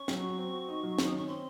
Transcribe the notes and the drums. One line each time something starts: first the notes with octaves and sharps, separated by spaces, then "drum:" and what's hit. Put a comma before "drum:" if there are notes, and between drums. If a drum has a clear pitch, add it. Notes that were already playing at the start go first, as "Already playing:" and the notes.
Already playing: C#4 C#6
F#3, drum: snare
F#4
C4
F#4
D#4
F#3
D#3, drum: snare
D#6
C#4 C#6
C4 C6